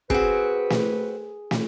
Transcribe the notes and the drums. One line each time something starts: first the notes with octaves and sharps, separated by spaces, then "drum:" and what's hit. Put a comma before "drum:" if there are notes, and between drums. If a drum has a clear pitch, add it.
C4 F#4 G#4 B4, drum: kick
drum: snare
drum: snare